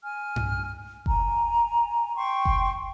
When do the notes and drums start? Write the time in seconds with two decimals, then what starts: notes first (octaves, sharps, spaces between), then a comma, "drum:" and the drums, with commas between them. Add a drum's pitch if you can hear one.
0.03 G#5 F6
0.36 drum: tom G2
1.06 G#5 A#5, drum: kick F#1
2.15 G5 C6 C#6
2.45 drum: kick F#1